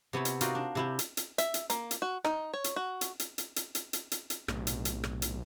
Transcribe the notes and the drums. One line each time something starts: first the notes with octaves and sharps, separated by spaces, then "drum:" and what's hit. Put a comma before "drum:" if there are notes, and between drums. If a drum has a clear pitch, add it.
C3 B3 E4 C#5
drum: hi-hat
D#4 F4 F#4 A#4 C5 D5, drum: hi-hat
D4
C3 E4 G4
drum: hi-hat
drum: hi-hat
E5, drum: hi-hat
drum: hi-hat
A#3, drum: hi-hat
drum: hi-hat
F#4
D#4, drum: rim click
C#5
drum: hi-hat
F#4
drum: hi-hat
drum: hi-hat
drum: hi-hat
drum: hi-hat
drum: hi-hat
drum: hi-hat
drum: hi-hat
drum: hi-hat
B1 A2 C3, drum: rim click
drum: hi-hat
drum: hi-hat
drum: rim click
drum: hi-hat